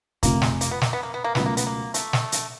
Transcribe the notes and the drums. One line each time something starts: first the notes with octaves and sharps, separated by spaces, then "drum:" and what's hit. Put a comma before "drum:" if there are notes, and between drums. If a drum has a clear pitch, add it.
F1 F2 C3 A#3, drum: kick, hi-hat
G#3, drum: snare
A#3, drum: hi-hat
B3
A#3, drum: snare
B3
A#3
B3
A#3
C#2 B2 F#3 A3 B3 C#4, drum: snare
A#3
B3, drum: hi-hat
A#3
A3, drum: hi-hat
drum: snare
drum: hi-hat